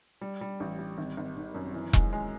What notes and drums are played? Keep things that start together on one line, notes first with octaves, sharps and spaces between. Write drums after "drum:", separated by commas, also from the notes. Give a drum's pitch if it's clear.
G3
G3
A1
G3
G#1
G#1
D#3
F#2
E3
G#3, drum: kick E1
G#3